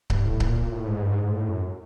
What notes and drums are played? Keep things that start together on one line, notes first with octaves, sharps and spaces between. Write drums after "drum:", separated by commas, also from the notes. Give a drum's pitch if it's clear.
G2, drum: kick C#1
A2
A#2, drum: kick C#1
A2
G#2
G2
G#2
G#2
A2
F#2